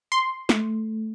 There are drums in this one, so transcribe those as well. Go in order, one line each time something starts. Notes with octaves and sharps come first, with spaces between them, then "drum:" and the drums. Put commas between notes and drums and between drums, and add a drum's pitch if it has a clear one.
C6
A3, drum: snare